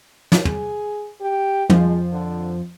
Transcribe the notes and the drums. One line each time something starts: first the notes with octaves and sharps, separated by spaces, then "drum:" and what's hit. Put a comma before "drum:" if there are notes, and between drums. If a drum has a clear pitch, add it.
drum: snare
G#4, drum: tom
G4
F2 F3 G#3, drum: tom
D3